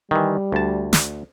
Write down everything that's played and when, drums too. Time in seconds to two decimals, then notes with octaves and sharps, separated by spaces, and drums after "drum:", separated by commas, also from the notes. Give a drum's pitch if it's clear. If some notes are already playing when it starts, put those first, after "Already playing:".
0.11 D#3 E3 G3
0.52 D2 A5
0.93 drum: snare